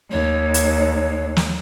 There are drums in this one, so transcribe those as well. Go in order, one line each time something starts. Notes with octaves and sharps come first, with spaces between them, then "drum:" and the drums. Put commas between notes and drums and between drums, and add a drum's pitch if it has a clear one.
D#2 C#5
drum: hi-hat
drum: snare